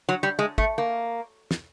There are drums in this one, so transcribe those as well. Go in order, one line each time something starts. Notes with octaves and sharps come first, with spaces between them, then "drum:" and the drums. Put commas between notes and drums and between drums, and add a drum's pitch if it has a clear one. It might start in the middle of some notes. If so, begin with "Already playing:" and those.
F#3
G3
G#3
A3, drum: kick
A#3
drum: snare